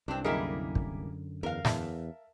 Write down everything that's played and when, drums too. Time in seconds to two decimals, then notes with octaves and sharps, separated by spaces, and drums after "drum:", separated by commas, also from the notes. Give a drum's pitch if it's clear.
0.08 C2 G2 C4 D4
0.24 F#2 D3 G3 A#3 E4 G#4 A#4 D#5
0.75 drum: kick
1.43 E2 A#4 F5
1.65 E2 E5 A5, drum: snare